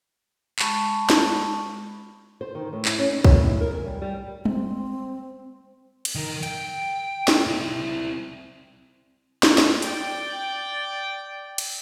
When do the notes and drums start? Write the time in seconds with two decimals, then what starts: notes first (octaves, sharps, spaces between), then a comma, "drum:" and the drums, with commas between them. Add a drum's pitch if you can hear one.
0.59 G#3 A5 B5 C#6, drum: clap
1.10 drum: snare
2.41 C5
2.55 D#3
2.73 A2
2.85 E4, drum: clap
2.99 C#4
3.13 D#4
3.24 C#4, drum: kick
3.36 E4
3.61 A#4
3.74 G#5
3.86 G3
4.02 G3
4.45 C4, drum: tom G3
6.05 drum: cymbal
6.15 D#3 A#4
6.43 G5, drum: hi-hat
7.28 drum: snare
7.47 C4 E4
9.43 drum: snare
9.58 drum: snare
9.82 D5 G5, drum: hi-hat
11.58 drum: cymbal